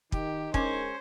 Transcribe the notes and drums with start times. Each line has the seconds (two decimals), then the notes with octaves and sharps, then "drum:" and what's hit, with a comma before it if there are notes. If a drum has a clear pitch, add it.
0.12 D#3 D#4 G4, drum: kick
0.54 G#3 C#4 G#4 A#4 C5, drum: kick